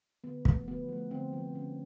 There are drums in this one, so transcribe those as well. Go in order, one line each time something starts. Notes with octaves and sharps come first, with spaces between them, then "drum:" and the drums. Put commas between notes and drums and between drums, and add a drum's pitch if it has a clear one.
D3 B3
F3 A3, drum: kick
D3 B3
F3 A3
D3 C4
F3 A3
D3 C#4